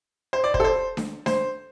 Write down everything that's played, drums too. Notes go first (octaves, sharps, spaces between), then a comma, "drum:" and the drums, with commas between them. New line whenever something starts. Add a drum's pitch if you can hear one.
C5
D5
C5, drum: kick
A4
C5
drum: snare D4
C5, drum: snare D4